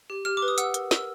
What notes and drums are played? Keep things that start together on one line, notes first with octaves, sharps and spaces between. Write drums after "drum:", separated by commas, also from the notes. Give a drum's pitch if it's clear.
G4
G4 F6
D6
B4
D#6
F#5 E6, drum: hi-hat
A#4, drum: hi-hat
A#4 E6, drum: snare